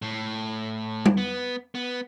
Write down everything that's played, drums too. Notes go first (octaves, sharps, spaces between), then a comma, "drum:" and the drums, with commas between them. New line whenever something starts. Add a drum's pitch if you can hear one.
A2
drum: tom G3
B3
B3